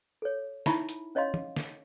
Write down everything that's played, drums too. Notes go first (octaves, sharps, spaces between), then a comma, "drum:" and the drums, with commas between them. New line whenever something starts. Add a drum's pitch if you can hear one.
A4 C#5
D#4 E4 E5 B5 C#6, drum: snare
drum: hi-hat
C#4 C#5 D#5 F5 C6
drum: tom
drum: snare